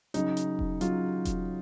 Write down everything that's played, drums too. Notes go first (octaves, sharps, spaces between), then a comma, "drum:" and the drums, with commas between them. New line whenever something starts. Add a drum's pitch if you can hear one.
C#3 F#3 D#4, drum: hi-hat
drum: hi-hat
drum: kick E1
C#3 F#3 F4, drum: hi-hat
drum: kick E1, hi-hat